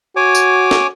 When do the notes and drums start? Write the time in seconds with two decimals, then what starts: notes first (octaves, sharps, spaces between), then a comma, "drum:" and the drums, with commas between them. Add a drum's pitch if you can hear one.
0.16 F#4 C#5 G#5 D6
0.35 drum: tambourine
0.71 drum: snare